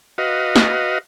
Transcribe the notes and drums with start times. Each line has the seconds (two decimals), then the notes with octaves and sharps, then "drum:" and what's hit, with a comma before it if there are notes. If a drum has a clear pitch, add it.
0.18 F#4 B4 D#5 F5
0.56 drum: snare